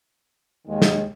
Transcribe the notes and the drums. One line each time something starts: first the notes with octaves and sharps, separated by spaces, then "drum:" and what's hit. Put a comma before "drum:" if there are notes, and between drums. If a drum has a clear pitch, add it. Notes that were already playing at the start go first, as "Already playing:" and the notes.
D#2 D#3 G#3
drum: snare